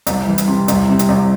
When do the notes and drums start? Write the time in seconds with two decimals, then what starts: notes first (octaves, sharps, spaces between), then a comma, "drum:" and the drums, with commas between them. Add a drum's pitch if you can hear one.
0.07 C2, drum: hi-hat
0.27 E3
0.38 drum: hi-hat
0.47 C3
0.68 C2, drum: hi-hat
0.89 C3
0.99 drum: hi-hat
1.09 C2